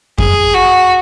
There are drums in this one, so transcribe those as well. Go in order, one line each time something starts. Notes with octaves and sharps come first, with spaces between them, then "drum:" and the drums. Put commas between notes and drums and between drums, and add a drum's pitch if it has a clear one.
G#4, drum: kick F2
F#4